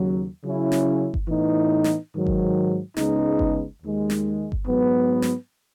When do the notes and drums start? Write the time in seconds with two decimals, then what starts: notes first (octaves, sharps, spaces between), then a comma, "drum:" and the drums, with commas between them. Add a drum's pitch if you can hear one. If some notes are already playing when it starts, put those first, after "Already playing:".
Already playing: D#2 C#3 F#3
0.43 C#3 F#3 C#4 E4
0.72 drum: snare
1.14 drum: kick G1
1.28 A2 E3 B3 D#4
1.84 drum: snare
2.13 G#2 D#3 F#3
2.27 drum: kick G1
2.97 C#2 C#3 G#3 B3 D#4, drum: snare
3.39 drum: kick G1
3.82 D#2 D#3 G#3
4.10 drum: snare
4.52 drum: kick G1
4.66 G#2 F#3 B3
5.22 drum: snare